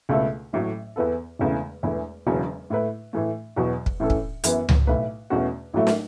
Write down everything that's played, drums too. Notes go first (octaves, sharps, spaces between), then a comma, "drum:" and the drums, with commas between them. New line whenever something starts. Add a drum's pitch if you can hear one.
C#2 B2 A3 E4 A4
A1 A2 F#3 A3
E2 E3 B3 A4
E1 E2 C#3 A3
E1 E2 E3 A3 E4
E1 E2 C#3 F#3 C#4
A2 A3 E4 B4
A2 E3 A3
E2 B2 F#3 B3 F#4
drum: kick
A2 E3 C#4 A4
drum: kick
F#2 E3 B3, drum: hi-hat
drum: tom C#2
B1 A2 A3 E4 B4
E2 B2 A3 C#4 F#4
A1 A2 F#3 A3 E4
drum: snare